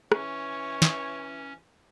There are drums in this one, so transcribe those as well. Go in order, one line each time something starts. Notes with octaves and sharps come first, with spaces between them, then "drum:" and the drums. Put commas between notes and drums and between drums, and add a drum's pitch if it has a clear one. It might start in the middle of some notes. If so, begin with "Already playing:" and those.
E3 C#4 C#5, drum: rim click
drum: snare